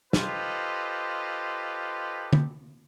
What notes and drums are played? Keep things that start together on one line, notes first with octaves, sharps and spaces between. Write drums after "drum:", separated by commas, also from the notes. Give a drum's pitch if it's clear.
F4 G4 A4 B4 C5 D#5, drum: snare
drum: tom D3